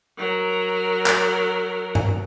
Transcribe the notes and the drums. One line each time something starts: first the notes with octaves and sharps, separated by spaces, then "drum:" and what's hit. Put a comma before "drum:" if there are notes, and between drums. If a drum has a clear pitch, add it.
F#3 A#4
drum: clap
drum: tom G2